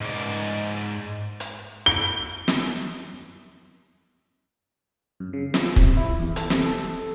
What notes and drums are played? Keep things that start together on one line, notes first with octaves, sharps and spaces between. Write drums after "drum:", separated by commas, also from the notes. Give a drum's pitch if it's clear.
G#2 D5
drum: hi-hat
G7
drum: snare
F#2
C#3
F3, drum: snare
C3, drum: kick C#1
E4
E2
A4, drum: hi-hat
C3, drum: snare
A4